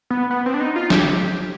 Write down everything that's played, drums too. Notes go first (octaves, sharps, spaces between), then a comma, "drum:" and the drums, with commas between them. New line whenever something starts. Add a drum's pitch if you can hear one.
B3
B3
C4
D4
D#4
F4
G4, drum: snare